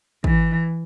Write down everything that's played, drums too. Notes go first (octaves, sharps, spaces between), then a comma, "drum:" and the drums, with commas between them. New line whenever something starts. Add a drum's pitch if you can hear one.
E3, drum: kick